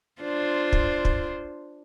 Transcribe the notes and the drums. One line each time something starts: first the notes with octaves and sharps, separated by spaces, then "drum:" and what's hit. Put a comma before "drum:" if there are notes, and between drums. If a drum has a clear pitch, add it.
D4 F4 C5
drum: kick
drum: kick